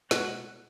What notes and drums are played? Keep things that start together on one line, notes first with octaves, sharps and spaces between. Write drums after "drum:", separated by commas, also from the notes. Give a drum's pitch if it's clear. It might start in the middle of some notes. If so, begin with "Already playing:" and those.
B2 G#3 F#4 F#5, drum: snare